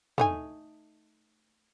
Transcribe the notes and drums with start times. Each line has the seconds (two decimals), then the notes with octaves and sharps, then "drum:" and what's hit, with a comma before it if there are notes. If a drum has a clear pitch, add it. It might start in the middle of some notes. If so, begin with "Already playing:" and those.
0.18 A3 D#4 G#5, drum: tom